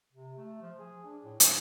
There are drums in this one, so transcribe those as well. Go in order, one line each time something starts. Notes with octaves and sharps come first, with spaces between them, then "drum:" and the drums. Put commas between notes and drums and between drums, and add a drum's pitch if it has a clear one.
C3
A3
F3
G#4
D4
A2
A#2, drum: hi-hat